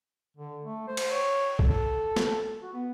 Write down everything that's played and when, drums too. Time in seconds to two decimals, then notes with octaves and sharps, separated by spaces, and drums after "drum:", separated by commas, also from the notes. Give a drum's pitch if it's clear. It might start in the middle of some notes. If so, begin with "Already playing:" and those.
0.37 D3
0.64 A3
0.88 C5
0.97 drum: cymbal
1.11 C#5
1.59 A4, drum: kick B1
2.16 drum: snare
2.62 F#4
2.73 B3